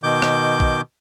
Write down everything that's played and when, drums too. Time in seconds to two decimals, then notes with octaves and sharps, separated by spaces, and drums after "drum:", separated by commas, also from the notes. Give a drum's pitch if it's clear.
0.03 B2 D#3 D6 G6
0.22 drum: rim click
0.60 drum: kick A#1